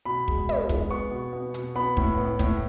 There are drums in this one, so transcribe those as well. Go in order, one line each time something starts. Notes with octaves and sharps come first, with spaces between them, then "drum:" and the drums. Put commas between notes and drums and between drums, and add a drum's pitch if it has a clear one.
B2 B5
G#3, drum: kick
B3, drum: tom
G#3, drum: kick, hi-hat
B3 C#6
B2
B3
B2, drum: hi-hat
B3 B5
A2, drum: kick
B3
A2, drum: kick, hi-hat